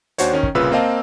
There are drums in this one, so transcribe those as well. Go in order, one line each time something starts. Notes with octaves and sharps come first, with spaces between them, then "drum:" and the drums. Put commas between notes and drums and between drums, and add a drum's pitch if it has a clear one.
D#2 D4 F#4 C5 C#5, drum: hi-hat
D#3 C#4
drum: kick
C2 A#2 C#3 F4 B4 E6
A#3 C4 D#5 F5 A5